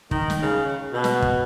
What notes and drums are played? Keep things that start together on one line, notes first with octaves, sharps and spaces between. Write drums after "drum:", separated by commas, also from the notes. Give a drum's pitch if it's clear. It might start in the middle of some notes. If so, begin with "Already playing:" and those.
D#3, drum: kick
drum: snare
C#3
B2
drum: snare
drum: kick